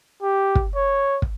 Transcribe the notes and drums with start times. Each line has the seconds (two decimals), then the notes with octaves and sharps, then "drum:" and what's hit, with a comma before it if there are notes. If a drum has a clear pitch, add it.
0.22 G4
0.55 drum: kick
0.75 C#5
1.22 drum: kick